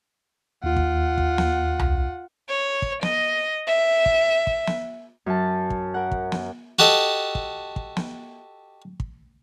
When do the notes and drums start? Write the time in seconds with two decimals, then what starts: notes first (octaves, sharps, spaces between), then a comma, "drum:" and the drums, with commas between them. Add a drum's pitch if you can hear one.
0.64 D#2 F4 F#5
0.76 drum: kick
1.18 drum: kick
1.38 drum: snare
1.79 drum: tom C2
2.49 C#5
2.82 drum: kick
3.03 D#5, drum: snare
3.67 E5
4.06 drum: kick
4.47 drum: kick
4.67 drum: snare
5.26 F#2 A5
5.70 drum: kick
5.94 A#4 F#5
6.12 drum: kick
6.32 drum: snare
6.79 F#4 G4 A4 D#5
7.35 drum: kick
7.76 drum: kick
7.97 drum: snare
9.00 drum: kick